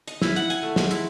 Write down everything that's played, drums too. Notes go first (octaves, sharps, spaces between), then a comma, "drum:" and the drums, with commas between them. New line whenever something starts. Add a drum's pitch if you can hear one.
D#5, drum: hi-hat
E4, drum: snare
F#5, drum: hi-hat
G#5, drum: hi-hat
A3
G#3, drum: snare
E4, drum: hi-hat